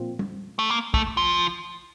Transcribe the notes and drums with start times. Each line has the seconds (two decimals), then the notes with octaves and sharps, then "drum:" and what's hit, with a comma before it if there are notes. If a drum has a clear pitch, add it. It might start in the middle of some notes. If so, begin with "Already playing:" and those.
Already playing: A#2 F3 C4 F4
0.19 drum: tom
0.59 A3
0.70 A#3
0.94 A3, drum: kick
1.17 F3